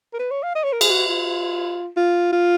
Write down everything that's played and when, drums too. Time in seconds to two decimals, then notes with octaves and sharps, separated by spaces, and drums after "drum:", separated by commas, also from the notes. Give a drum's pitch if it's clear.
0.13 A#4
0.19 B4
0.31 C#5
0.43 F5
0.55 D#5
0.64 C#5
0.73 A#4
0.81 G#4, drum: cymbal
0.91 F#4
1.08 F4
1.97 F4
2.32 F4